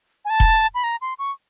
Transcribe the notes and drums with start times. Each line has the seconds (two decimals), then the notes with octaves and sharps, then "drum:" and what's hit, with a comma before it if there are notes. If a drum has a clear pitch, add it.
0.25 G#5
0.30 A5
0.40 drum: kick E1
0.75 B5
0.84 A#5
1.01 C6
1.19 C#6